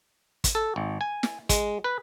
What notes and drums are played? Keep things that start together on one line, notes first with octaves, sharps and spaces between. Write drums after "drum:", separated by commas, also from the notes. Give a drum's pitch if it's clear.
drum: kick, hi-hat
A4
G#1
G#5
drum: snare
G#3, drum: kick, hi-hat
B4